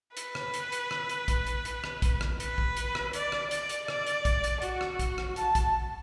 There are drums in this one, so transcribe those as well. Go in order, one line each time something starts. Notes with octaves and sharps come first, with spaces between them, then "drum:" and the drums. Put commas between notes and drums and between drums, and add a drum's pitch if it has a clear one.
B4, drum: hi-hat
drum: rim click
drum: hi-hat
drum: hi-hat
drum: rim click
drum: hi-hat
drum: kick A#1, hi-hat
drum: hi-hat
drum: hi-hat
drum: rim click
drum: kick A#1, hi-hat
drum: rim click
B4, drum: hi-hat
drum: kick A#1
drum: hi-hat
drum: rim click
D5, drum: hi-hat
drum: rim click
D5, drum: hi-hat
drum: hi-hat
D5, drum: rim click
drum: hi-hat
drum: kick A#1, hi-hat
drum: hi-hat
F#4, drum: hi-hat
drum: rim click
drum: kick A#1, hi-hat
drum: rim click
A5, drum: hi-hat
drum: kick A#1, hi-hat